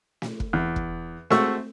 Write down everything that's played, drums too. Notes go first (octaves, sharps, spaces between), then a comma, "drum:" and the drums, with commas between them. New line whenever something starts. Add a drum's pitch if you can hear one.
drum: snare
drum: kick
E2
drum: kick
G#3 A3 C4 F#4 C#6 E6, drum: snare